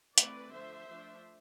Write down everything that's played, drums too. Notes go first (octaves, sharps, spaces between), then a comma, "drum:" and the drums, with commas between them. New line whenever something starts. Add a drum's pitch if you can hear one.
E3 A3 C4 B4 D5, drum: hi-hat
D3 F3 A3 C5 E5
F3 A3 D4